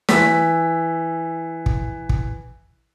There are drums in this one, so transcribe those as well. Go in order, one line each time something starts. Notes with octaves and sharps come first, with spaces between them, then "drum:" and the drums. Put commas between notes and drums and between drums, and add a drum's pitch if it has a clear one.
E3 B6, drum: snare
drum: kick
drum: kick